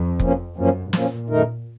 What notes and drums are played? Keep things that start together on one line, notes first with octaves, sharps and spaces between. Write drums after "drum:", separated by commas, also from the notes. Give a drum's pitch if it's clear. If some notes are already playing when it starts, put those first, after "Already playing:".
Already playing: F2
F3 A#3 C#4, drum: kick F1
F#2 F3 A#3 C#4
A#2 F3 A#3 C#4, drum: snare
F#2 D#3 A3 D#4 A#4